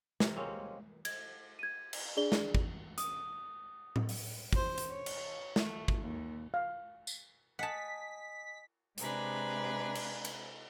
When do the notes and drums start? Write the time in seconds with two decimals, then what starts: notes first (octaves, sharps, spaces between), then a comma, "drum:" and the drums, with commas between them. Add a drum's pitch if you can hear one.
0.20 C3 A#4, drum: snare
0.36 G#3 A#3 C4 C#4
1.05 G#6, drum: cymbal
1.59 G#6 D#7
1.93 drum: cymbal
2.17 D4 G#4 D5 G7
2.32 drum: snare
2.55 drum: kick
2.98 D#6, drum: hi-hat
3.96 drum: tom A2
4.09 drum: open hi-hat
4.53 C5, drum: kick
4.78 drum: hi-hat
4.88 C#5
5.06 drum: cymbal
5.56 A3, drum: snare
5.88 drum: kick
6.02 D#2
6.54 F5
7.07 drum: tambourine
7.59 D#5 F#5 G#5 A5 D#6 B6
8.98 C3 G#3 D4 B4 G#5 A#5, drum: hi-hat
9.95 drum: cymbal
10.25 drum: cymbal